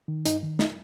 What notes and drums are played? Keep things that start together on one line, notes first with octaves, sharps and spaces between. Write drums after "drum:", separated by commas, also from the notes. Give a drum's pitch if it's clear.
D#3
G2 D#4, drum: hi-hat
D#3
D#4, drum: snare